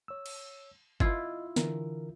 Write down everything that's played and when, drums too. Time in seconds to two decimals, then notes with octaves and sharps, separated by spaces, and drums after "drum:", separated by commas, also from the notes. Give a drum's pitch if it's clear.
0.08 C#5 E6
0.26 drum: cymbal
1.00 E4 F4 D#5, drum: kick G1
1.56 D3 E3 A#4, drum: snare